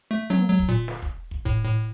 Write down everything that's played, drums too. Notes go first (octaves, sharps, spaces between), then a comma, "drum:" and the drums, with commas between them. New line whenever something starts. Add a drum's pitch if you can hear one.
A3
F#3, drum: tom
F#3
drum: kick
A#2
drum: snare
drum: kick
drum: kick
A2, drum: kick
A2